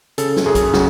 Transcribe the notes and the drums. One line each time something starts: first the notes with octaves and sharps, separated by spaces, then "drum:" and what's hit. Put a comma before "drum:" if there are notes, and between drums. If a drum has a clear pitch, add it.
C#3 A4, drum: hi-hat
drum: snare
F#2 G#4
drum: kick A#1, hi-hat
C#3 F#4, drum: snare